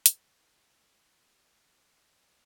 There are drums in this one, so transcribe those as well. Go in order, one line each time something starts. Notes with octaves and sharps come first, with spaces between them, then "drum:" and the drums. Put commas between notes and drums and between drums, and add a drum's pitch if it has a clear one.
F3 G#3 B3 G#4 D5 G5, drum: hi-hat